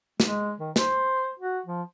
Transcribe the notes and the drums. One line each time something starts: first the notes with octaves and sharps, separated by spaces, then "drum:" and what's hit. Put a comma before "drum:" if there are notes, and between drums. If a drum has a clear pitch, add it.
G#3, drum: snare
D#3
C5, drum: snare
F#4
F3